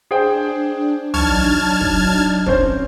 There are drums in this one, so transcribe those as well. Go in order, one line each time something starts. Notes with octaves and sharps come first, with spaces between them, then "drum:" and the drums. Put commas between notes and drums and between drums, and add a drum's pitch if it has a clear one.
D4 G#4 C5 G5
F#3 D4 D#4 A5 C#6 F6 G#6, drum: tom
drum: snare
drum: kick
C4 C#4 C5, drum: kick